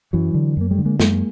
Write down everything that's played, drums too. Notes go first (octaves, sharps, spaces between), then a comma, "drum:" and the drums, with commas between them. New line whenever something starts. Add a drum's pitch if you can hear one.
F#2 E3 F#3
D3
F#2 A#3
G3 A3
D3
G#3 A#3
F#2 G#3 A#3, drum: snare